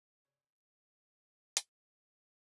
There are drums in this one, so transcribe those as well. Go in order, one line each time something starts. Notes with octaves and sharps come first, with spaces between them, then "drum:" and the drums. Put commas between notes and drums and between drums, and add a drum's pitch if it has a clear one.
C#3 C#4 D5
drum: hi-hat